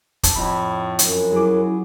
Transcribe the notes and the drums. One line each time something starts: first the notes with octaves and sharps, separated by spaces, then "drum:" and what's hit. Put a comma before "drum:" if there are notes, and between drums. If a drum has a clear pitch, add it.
A5 E6, drum: kick, hi-hat
F2 A2 E4 B5
F#2, drum: hi-hat
F#3 E4 G#4 D6